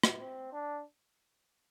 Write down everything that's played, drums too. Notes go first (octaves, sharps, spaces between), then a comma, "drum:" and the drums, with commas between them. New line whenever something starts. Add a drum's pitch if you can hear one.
drum: rim click
C4
D4